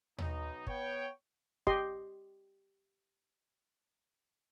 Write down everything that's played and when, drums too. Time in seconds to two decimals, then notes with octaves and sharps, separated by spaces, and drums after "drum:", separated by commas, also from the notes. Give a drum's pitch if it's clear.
0.18 B1 D#4, drum: tom D#2
0.67 B3 C#5 G5, drum: kick
1.67 G4 D#5 C6, drum: kick